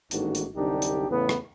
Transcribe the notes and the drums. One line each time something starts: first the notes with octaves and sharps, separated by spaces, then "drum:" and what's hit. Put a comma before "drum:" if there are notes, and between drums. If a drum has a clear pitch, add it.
A1 G#2 D#3 A#3 D4 F#4, drum: hi-hat
drum: hi-hat
C2 F#2 D3 D4 D#4 G4
drum: hi-hat
E2 A2 C#3 B3
drum: rim click